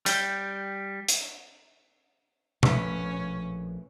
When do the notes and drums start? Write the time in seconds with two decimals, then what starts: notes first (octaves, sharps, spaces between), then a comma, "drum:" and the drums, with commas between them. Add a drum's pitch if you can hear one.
0.06 G3 G5, drum: hi-hat
1.09 drum: hi-hat
2.63 A#1 F3 A3 C#4 B4, drum: tom B2